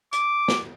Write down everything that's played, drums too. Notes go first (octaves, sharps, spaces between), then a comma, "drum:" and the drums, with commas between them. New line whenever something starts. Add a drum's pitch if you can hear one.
D6, drum: hi-hat
drum: snare